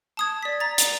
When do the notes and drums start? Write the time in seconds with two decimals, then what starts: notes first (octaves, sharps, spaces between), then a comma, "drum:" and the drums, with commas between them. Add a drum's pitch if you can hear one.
0.17 A5 D#6 G#6
0.43 D5 B6
0.60 A#5 A6
0.78 F7, drum: hi-hat